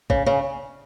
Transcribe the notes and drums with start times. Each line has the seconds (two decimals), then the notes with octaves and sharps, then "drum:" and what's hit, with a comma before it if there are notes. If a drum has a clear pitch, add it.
0.10 C#3, drum: kick A1
0.26 C#3